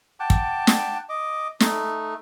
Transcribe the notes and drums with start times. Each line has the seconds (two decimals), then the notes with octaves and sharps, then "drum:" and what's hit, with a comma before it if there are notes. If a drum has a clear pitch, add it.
0.20 F#5 G5 A5 D6
0.30 drum: kick
0.67 drum: snare
1.09 D#5 D6
1.60 A3 D#4, drum: snare